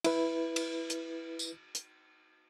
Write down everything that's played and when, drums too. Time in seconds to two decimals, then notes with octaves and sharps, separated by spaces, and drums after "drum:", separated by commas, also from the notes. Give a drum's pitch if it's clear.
0.04 E4 B4, drum: cymbal
0.56 drum: cymbal
0.90 drum: hi-hat
1.39 drum: tambourine
1.75 drum: hi-hat